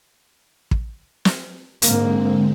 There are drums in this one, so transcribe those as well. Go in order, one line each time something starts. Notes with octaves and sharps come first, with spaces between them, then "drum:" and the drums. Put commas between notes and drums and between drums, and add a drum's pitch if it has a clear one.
drum: kick
drum: snare
G#2 D3 G#3 A#3 C4, drum: hi-hat